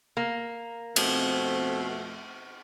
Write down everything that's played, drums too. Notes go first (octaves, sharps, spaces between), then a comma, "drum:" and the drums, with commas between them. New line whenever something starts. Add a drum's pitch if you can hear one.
A#3
F2 B2 A3 C4, drum: cymbal